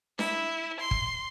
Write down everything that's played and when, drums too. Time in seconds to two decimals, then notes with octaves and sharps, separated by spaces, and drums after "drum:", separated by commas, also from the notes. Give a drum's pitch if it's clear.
0.19 E4, drum: snare D4
0.80 C6
0.91 drum: kick